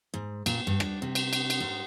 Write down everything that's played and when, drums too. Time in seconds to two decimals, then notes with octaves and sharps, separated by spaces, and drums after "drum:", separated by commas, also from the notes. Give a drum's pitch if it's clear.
0.14 G#2
0.46 A#2, drum: cymbal
0.67 G2
0.80 D4, drum: rim click
1.02 C3
1.15 drum: cymbal
1.33 drum: cymbal
1.50 drum: cymbal
1.60 G#2